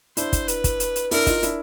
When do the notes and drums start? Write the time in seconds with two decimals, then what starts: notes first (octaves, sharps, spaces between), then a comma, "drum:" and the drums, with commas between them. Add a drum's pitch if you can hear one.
0.17 D4 E4 C5, drum: hi-hat
0.33 drum: kick, hi-hat
0.48 B4, drum: hi-hat
0.64 drum: kick, hi-hat
0.80 drum: hi-hat
0.96 drum: hi-hat
1.11 D4 E4 A#4, drum: open hi-hat
1.27 D#4 F4, drum: kick, hi-hat
1.43 D4 E4, drum: hi-hat